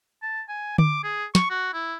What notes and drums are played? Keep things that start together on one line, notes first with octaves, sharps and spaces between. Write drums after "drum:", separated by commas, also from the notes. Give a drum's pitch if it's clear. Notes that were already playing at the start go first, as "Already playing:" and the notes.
A5
G#5
D6, drum: tom D3
G#4
C#6, drum: snare
F#4
E4